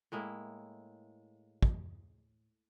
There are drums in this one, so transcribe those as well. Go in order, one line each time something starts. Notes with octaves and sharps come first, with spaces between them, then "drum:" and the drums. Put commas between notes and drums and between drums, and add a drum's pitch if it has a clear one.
A2 G#3 A#3 E4
drum: kick